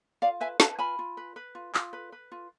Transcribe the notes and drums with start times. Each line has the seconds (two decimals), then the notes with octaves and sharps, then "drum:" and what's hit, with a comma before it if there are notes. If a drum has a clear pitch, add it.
0.22 F4 D5 F5
0.40 B4 E5 G#5
0.60 B4 F5 A5, drum: snare
0.79 F4 G#5 B5
0.99 F4
1.17 B4
1.36 B4
1.55 F4
1.75 F4, drum: clap
1.93 B4
2.12 B4
2.32 F4